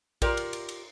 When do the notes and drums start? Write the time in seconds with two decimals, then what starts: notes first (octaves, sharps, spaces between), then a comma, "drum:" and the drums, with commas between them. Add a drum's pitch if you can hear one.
0.22 F4 G4 A#4 D5, drum: kick, cymbal
0.37 drum: cymbal
0.53 drum: cymbal
0.69 drum: cymbal